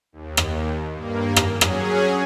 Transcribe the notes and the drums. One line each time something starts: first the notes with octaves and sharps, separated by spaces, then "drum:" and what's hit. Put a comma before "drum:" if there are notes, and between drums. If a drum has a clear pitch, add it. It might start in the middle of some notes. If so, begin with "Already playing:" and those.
D#2
drum: rim click
G2 A#3
drum: rim click
F#3 C#4 G#4
drum: rim click